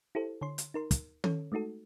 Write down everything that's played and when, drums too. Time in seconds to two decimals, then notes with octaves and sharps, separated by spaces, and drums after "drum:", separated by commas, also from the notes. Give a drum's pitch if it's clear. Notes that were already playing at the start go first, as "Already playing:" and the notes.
0.15 E4 G4 A4 C5
0.41 D3 C#5 C6
0.58 drum: hi-hat
0.74 D#4 A#4 C6
0.91 drum: kick, hi-hat
1.24 C#4 A4 C#5, drum: tom D#3
1.52 G#3 A3 D#4 F#4 A4